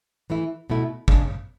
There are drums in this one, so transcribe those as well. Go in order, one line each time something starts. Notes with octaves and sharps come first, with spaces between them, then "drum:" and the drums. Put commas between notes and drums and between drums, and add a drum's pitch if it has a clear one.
E3 A3 E4
B2 A3 E4
C#3 G#3 D4, drum: kick